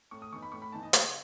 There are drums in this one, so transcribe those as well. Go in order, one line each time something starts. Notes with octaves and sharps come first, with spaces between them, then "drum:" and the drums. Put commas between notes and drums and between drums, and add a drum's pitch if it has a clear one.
A2 C#6
D#6
E3 B3 D#4 C#6
B5
A2 C#6
B5
E3 B3 D#4 A5
D#5
C#3, drum: hi-hat